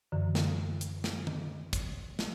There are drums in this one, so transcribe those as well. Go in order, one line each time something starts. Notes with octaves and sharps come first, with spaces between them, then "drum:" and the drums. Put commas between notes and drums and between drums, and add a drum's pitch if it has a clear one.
F#2 D3 E3
drum: snare
drum: hi-hat
drum: snare
drum: tom D3
drum: kick, hi-hat
drum: snare